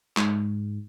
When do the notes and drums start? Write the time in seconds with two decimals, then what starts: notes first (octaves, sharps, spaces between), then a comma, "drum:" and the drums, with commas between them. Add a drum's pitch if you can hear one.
0.17 G#2, drum: clap